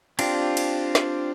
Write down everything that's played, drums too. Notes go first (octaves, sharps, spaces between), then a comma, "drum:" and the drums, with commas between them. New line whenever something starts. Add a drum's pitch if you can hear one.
C4 D4 F4 G4, drum: cymbal
drum: cymbal
drum: snare